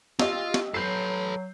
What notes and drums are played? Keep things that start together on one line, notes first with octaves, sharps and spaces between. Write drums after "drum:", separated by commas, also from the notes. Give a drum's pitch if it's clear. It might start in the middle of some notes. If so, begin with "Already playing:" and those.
F4 G4 D#5 E6, drum: snare
drum: snare
F#3 A4 B4 G6 C7